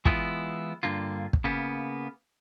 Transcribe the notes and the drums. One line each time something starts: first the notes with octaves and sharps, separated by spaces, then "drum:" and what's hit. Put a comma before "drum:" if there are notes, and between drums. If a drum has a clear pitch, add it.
E3 G#3 B3 E4 F4, drum: kick
G2 D3 A#3 F4
drum: kick
C#3 A#3 B3